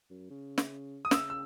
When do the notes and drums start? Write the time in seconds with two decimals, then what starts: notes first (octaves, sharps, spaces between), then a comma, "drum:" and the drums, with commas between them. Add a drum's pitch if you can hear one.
0.10 F#2
0.30 C#3
0.58 drum: snare
1.05 D#6
1.11 C#3 E6, drum: snare
1.30 E6